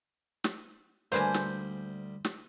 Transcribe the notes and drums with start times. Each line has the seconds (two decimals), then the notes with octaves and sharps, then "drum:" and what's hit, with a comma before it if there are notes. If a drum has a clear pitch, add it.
0.44 drum: snare
1.12 D2 G3 A#3 B4 C5 F5 G#5 A5
1.34 drum: snare
2.25 drum: snare